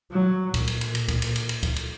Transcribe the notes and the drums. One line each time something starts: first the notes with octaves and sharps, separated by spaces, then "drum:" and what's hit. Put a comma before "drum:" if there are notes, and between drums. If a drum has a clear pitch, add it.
F#3
A#2, drum: kick C#2, cymbal
drum: cymbal
drum: cymbal
drum: cymbal
drum: kick C#2, cymbal
drum: cymbal
drum: cymbal
drum: cymbal
drum: kick C#2, cymbal
drum: cymbal